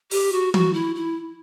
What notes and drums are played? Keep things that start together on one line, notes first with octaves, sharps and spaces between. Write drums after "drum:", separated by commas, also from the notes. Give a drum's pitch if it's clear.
G4, drum: open hi-hat
F#4
F#4, drum: tom
E4
E4